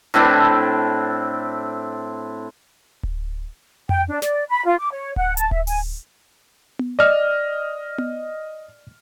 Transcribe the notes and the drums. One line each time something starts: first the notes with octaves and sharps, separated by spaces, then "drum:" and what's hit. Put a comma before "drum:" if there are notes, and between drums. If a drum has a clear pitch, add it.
A2 C4 D4 E4
drum: kick D1
G5, drum: tom F2
D4
D5, drum: snare
B5
F4
D6
C#5
F#5, drum: kick D1
A5, drum: hi-hat
E5, drum: kick D1
G#5, drum: open hi-hat
drum: tom B3
D5 D#5 F6
drum: tom B3